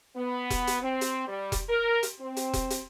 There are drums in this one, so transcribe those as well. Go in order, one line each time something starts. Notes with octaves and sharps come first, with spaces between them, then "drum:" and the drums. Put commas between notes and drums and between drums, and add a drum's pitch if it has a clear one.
B3
drum: kick E1, hi-hat
drum: hi-hat
C4
drum: hi-hat
G3
drum: kick E1, hi-hat
A#4
drum: hi-hat
C4
drum: hi-hat
drum: kick E1, hi-hat
drum: hi-hat